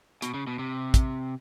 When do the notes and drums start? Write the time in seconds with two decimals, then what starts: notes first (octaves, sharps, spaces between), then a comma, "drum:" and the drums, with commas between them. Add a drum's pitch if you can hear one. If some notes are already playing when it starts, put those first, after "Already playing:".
0.22 B2, drum: hi-hat
0.34 C#3
0.47 B2
0.59 C3
0.94 drum: kick, hi-hat